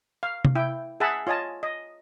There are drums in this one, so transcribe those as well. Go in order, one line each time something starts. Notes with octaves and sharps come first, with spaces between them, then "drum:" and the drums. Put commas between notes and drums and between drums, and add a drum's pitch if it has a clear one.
F5
drum: tom
E4 G5
G#4 E5 F#5 A5 B5
F4 C#5 D#5 G#5 A5
D#5